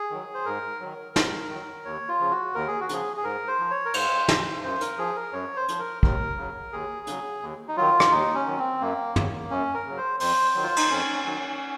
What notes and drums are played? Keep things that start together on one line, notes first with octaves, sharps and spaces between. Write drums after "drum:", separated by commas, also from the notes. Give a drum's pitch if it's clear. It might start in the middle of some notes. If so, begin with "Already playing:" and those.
Already playing: G#4
D#3 F#3
C5
G#2 A#4
D#3 F#3
G#2, drum: snare
D#3 F#3
D#2 C#5
F4
C#3 F3
F#4
D#2 A#4
G#4
F#4
C#3 F3 G#4, drum: hi-hat
G#4
G#2 A#4
C5
F3
C#5
A#4
G#2 C5, drum: cymbal
F3, drum: snare
F#2 C5
A#4, drum: hi-hat
F3 G#4
A#4
F#2 C#5
C5
F3, drum: hi-hat
A#4
D#2 A#4, drum: kick
C#3 F#3
D#2 G#4
C#3 F#3, drum: hi-hat
D#2
D#4
D#3 F#3 F4
drum: rim click
D#2 D#4
C#4
D#3 F#3
C4
F#2 A#3
C#3 F#3, drum: tom
F#2 C#4
A#4
C#3 F#3
C5
F2 C5, drum: open hi-hat
D#3 F#3
F4
D#4, drum: cymbal
F2 C#4
D#3 F#3